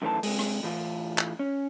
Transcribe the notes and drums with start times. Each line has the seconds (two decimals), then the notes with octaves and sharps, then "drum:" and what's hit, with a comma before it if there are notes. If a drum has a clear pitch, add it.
0.02 F#2 D#3 E3 A3 C5 A5
0.23 C3 G#3, drum: open hi-hat
0.39 drum: rim click
0.63 A2 E3 F4
1.18 drum: clap
1.39 C#4